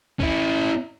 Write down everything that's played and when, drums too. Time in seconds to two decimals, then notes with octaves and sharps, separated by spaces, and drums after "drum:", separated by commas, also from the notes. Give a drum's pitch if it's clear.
0.20 C#4 E4, drum: kick